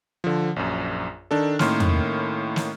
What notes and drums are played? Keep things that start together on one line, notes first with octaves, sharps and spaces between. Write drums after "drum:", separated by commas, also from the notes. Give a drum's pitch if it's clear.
D3 F3
A#1 F#2
D#3 D4 A4
A2 D#3 A#3 C#4 C6 F6, drum: snare
drum: tom E2
drum: snare